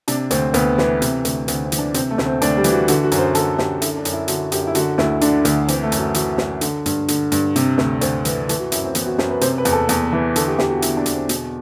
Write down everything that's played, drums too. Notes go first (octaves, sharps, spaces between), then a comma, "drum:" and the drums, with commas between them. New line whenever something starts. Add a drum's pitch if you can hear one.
C3 D4, drum: hi-hat
D2 C4, drum: hi-hat
D2 B3, drum: hi-hat
E3 B3, drum: snare
C3, drum: hi-hat
D2, drum: hi-hat
D2 C4, drum: hi-hat
C4
E3, drum: hi-hat
D4
C3 C4, drum: hi-hat
A3
D2, drum: snare
C4
D2 D4, drum: hi-hat
G3
E3, drum: hi-hat
F#4
D3 F#4, drum: hi-hat
F#4
F#2, drum: hi-hat
C5
D3 A4, drum: hi-hat
F#2 G4, drum: snare
D3 E4, drum: hi-hat
D4
F#2, drum: hi-hat
E4
D3 F#4, drum: hi-hat
F#2 G4, drum: hi-hat
E4
D3 F#4, drum: hi-hat
D2 E4, drum: snare
D3 D4, drum: hi-hat
D2, drum: hi-hat
E3 C4, drum: hi-hat
A3
F#2, drum: hi-hat
F#4
E3 F#4, drum: hi-hat
F#2, drum: snare
D3, drum: hi-hat
G2, drum: hi-hat
D3, drum: hi-hat
G2, drum: hi-hat
C3, drum: hi-hat
D2, drum: snare
D2 C5, drum: hi-hat
E3 B4, drum: hi-hat
E3 A4, drum: hi-hat
F#4
F#2 E4, drum: hi-hat
C4
E3 B3, drum: hi-hat
F#4
F#2 C5, drum: snare
B4
C3 C5, drum: hi-hat
B4
E2, drum: hi-hat
A4
E2, drum: hi-hat
E3
D3 A4, drum: hi-hat
G4
E2 G4, drum: snare
F#4
D3 E4, drum: hi-hat
D4
E2, drum: hi-hat
C4
B2, drum: hi-hat